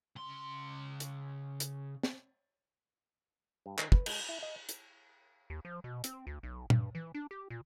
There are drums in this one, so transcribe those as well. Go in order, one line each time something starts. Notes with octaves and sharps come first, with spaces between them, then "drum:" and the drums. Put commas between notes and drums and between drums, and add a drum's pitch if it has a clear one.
C#3 C6
drum: hi-hat
drum: hi-hat
drum: snare
G2
D#3, drum: clap
B4, drum: kick
G#3, drum: cymbal
E4
D#5
drum: hi-hat
D#2
F3
B2
C4, drum: hi-hat
D2
B1
G2, drum: tom
E3
D4
G4
A#2